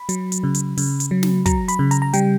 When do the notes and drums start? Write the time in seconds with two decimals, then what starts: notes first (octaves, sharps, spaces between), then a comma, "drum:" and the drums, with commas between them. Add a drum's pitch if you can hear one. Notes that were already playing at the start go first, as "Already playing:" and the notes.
Already playing: B5
0.09 F#3, drum: hi-hat
0.32 drum: hi-hat
0.43 C#3
0.55 drum: hi-hat
0.77 C#3, drum: open hi-hat
1.00 drum: hi-hat
1.11 F#3
1.23 drum: snare
1.46 F#3 A#5, drum: kick, hi-hat
1.68 B5, drum: hi-hat
1.79 C#3
1.91 A#5, drum: hi-hat
2.02 A#5
2.13 G3 G5, drum: hi-hat